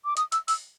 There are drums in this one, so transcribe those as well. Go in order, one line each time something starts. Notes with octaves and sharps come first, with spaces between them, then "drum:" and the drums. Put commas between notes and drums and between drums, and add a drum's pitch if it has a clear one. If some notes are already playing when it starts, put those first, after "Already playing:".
D6
D#6, drum: hi-hat
E6, drum: hi-hat
E6, drum: open hi-hat